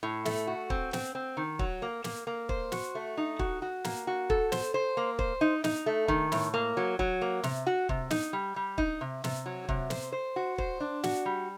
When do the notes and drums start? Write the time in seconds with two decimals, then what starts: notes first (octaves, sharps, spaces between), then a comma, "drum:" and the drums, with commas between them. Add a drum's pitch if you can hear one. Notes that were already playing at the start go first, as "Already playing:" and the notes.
0.03 A2
0.25 A3, drum: snare
0.47 F#4
0.70 C4, drum: kick
0.93 C4, drum: snare
1.15 C4
1.37 D#3
1.59 F#3, drum: kick
1.82 A#3
2.04 A#3, drum: snare
2.27 A#3
2.49 C5, drum: kick
2.72 F#4, drum: snare
2.95 A3
3.17 D#4
3.39 F#4, drum: kick
3.62 F#4
3.84 A#3, drum: snare
4.07 F#4
4.30 A4, drum: kick
4.52 C5, drum: snare
4.74 C5
4.97 A#3
5.19 C5, drum: kick
5.41 D#4
5.64 D#4, drum: snare
5.86 A3
6.08 D#3, drum: kick
6.32 A2, drum: snare
6.54 A#3
6.77 F#3
6.99 F#3, drum: kick
7.21 A#3
7.43 C3, drum: snare
7.67 F#4
7.89 C3, drum: kick
8.10 D#4, drum: snare
8.33 G3
8.56 G3
8.78 D#4, drum: kick
9.01 C3
9.24 C3, drum: snare
9.46 F#3
9.69 C3, drum: kick
9.90 C5, drum: snare
10.12 C5
10.36 F#4
10.58 C5, drum: kick
10.80 D4
11.03 F#4, drum: snare
11.26 G3